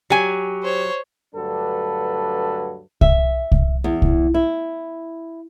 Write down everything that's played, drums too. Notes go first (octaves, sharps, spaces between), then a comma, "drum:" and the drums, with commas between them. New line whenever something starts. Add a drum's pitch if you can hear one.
F#3 G4 G#5
C5 C#5
D2 G2 F#3 D4 A4 B4
E5, drum: kick C2
drum: kick C2
E2
drum: kick C2
E4